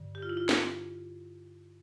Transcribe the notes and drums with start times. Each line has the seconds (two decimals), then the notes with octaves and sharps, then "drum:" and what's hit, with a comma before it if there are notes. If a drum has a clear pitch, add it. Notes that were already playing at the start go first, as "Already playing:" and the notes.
Already playing: G2 D3
0.15 G4
0.22 F4
0.29 E4
0.37 F4
0.49 drum: snare